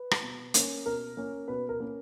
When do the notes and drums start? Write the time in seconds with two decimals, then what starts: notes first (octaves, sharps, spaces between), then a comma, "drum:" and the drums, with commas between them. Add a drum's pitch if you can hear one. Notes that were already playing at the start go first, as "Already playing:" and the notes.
Already playing: B4
0.11 drum: rim click
0.23 B2
0.54 A#3 C#4, drum: hi-hat
0.86 B2 A#4
1.17 A#3 C#4
1.48 B2 B4
1.69 A#4
1.80 A#3 C#4